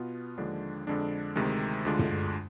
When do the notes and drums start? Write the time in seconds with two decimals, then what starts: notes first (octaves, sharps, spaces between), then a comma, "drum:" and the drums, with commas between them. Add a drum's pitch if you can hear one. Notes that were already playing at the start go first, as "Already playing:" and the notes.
Already playing: B2 B3 F4
0.37 D#2 D3 F3 G#3 D4
0.87 F2 D3 G#3 D4
1.36 D2 C3 D#3 G#3
1.85 D2 D3 G#3 D4 F4
1.99 drum: tom